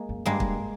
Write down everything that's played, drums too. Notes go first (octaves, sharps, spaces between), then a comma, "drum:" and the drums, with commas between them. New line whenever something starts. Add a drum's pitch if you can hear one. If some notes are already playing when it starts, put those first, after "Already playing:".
Already playing: G#3 A#3
F#2
G2 G#3 A#3
drum: kick